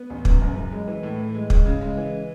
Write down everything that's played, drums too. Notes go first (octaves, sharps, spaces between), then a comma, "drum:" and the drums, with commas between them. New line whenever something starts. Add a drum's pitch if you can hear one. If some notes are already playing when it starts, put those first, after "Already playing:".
Already playing: B3
A1
F#2, drum: kick
F#1
F#2
G#3
E3
A2
E3
G#3
G#3, drum: kick
C#3
G#3
E3